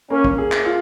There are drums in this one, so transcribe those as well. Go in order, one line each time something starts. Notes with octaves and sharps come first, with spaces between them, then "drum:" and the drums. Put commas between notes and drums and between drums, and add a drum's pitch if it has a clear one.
A#3 C#4
drum: kick
G#4
drum: clap
F4